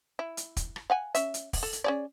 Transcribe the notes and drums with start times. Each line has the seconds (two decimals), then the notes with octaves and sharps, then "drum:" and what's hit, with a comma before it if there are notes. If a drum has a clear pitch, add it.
0.19 E4
0.37 drum: hi-hat
0.57 drum: kick, hi-hat
0.76 drum: rim click
0.90 F5 F#5 G#5
1.15 C#4 E5, drum: hi-hat
1.34 drum: hi-hat
1.53 drum: kick, open hi-hat
1.63 A4
1.73 drum: hi-hat
1.84 C#4 G#4 D5